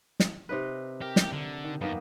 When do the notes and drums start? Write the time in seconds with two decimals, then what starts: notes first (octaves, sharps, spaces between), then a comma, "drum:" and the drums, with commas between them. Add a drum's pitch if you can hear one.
0.20 drum: snare
0.49 C3 D#4 B4
1.01 G4 A#4
1.16 drum: snare
1.32 D3
1.64 D#3
1.81 F#2 D#3 A#3 B3